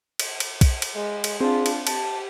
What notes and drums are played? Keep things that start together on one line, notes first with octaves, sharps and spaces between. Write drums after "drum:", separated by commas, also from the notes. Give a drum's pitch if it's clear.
drum: cymbal
drum: cymbal
drum: kick, cymbal
drum: cymbal
G#3
drum: cymbal
C4 D4 F4 G#4
drum: cymbal
G4 A5, drum: cymbal